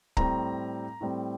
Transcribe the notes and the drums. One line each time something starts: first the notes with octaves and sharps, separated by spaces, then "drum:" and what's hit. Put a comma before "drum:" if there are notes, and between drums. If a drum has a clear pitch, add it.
A2 G3 C4 A#5, drum: kick C#1
A2 G3 C4